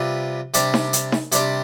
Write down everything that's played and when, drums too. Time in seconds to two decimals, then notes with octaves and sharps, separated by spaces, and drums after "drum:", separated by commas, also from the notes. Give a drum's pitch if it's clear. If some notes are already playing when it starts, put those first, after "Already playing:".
Already playing: C3 G3 C4 F4 B4
0.54 C3 G3 D4 G4 C5, drum: hi-hat
0.74 drum: snare D#4
0.93 drum: hi-hat
1.12 drum: snare D#4
1.32 C3 G3 D4 G4 C5, drum: hi-hat